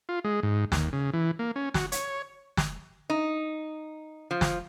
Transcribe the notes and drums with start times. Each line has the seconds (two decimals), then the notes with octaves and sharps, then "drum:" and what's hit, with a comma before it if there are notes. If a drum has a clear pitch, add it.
0.09 F4
0.24 G#3
0.43 G#2
0.72 D#2, drum: snare
0.93 C#3
1.13 E3
1.39 A#3
1.56 C#4
1.74 F#4, drum: snare
1.92 C#5, drum: hi-hat
2.57 drum: snare
3.10 D#4
4.31 F3
4.41 drum: snare